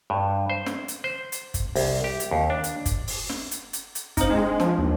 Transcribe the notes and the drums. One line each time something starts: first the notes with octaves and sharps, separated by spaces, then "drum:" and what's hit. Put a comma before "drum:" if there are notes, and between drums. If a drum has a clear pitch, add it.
G2
C5
drum: snare
drum: hi-hat
C5
drum: hi-hat
drum: kick, hi-hat
C2, drum: open hi-hat
G4
drum: hi-hat
D#2
D4
drum: hi-hat
drum: kick, hi-hat
drum: open hi-hat
drum: snare
drum: hi-hat
drum: hi-hat
drum: hi-hat
C4 D#4 C5, drum: kick, hi-hat
G#3 D4
F3, drum: snare
D#2